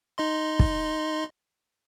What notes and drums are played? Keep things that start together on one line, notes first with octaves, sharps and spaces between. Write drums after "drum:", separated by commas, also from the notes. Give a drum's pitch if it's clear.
D#4 D#5 C6
drum: kick